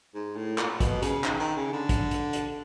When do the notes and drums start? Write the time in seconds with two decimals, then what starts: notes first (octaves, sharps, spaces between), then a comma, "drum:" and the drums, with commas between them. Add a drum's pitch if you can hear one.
0.14 G#2
0.36 A2
0.58 A#2, drum: clap
0.80 B2, drum: kick, hi-hat
1.02 C#3, drum: hi-hat
1.24 D#3, drum: clap
1.40 D#3
1.56 C#3
1.73 D3
1.89 drum: kick, hi-hat
2.11 drum: hi-hat
2.33 drum: hi-hat